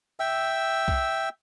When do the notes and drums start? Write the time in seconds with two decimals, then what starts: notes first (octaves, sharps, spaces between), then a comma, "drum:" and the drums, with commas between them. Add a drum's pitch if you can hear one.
0.20 E5 G5 E6
0.88 drum: kick